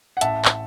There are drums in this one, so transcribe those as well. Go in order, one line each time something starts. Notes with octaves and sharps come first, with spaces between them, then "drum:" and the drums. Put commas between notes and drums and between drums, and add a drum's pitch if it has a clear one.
F#5
A1 E5 A5, drum: hi-hat
drum: clap